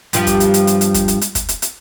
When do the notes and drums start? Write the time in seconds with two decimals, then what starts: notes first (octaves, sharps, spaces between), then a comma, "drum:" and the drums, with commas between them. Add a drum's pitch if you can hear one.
0.13 G2 F3 G4, drum: hi-hat
0.27 drum: kick, hi-hat
0.40 drum: hi-hat
0.54 drum: hi-hat
0.67 drum: hi-hat
0.81 drum: hi-hat
0.94 drum: kick, hi-hat
1.08 drum: hi-hat
1.21 drum: hi-hat
1.35 drum: kick, hi-hat
1.49 drum: hi-hat
1.62 drum: hi-hat